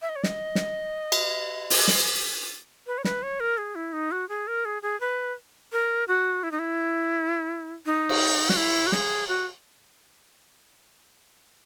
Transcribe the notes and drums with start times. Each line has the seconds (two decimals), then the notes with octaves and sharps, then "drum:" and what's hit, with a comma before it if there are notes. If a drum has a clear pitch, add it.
0.02 E5
0.09 D#5
0.16 C#5
0.23 D#5, drum: snare
0.55 drum: snare
1.12 drum: cymbal
1.70 drum: open hi-hat
1.88 drum: snare
2.87 B4
2.98 C#5
3.04 B4, drum: snare
3.23 C#5
3.40 A#4
3.58 G#4
3.75 E4
3.93 D#4
4.12 F#4
4.29 G#4
4.47 A#4
4.65 G#4
4.82 G#4
5.00 B4
5.72 A#4
6.08 F#4
6.43 E4
6.51 D#4
6.59 E4
7.86 D#4
8.09 drum: cymbal
8.49 F#4, drum: snare
8.57 E4
8.87 F#4
8.92 G#4, drum: snare
9.28 F#4